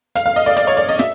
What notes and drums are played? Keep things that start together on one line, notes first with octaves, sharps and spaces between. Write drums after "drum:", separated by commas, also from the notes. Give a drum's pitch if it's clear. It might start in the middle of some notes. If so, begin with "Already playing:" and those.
F5, drum: hi-hat
F5
D#5
D5
D5, drum: hi-hat
C#5
D5
D#5
E5, drum: snare